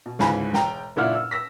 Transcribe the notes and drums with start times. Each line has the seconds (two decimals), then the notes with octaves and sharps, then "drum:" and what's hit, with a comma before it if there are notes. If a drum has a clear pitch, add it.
0.06 B2
0.19 G1 C#2 G#2 E3 G#5 B5, drum: snare
0.53 E1 G5 A#5, drum: snare
0.96 F#1 A#2 D4 E4 F#5 F6
1.15 E6
1.31 E6 A#6 B6